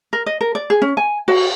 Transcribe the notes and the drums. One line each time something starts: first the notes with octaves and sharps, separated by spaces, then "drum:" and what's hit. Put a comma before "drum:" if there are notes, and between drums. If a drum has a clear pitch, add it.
A#4
D#5
A#4
D5
G#4
C#4
G#5
F#4, drum: cymbal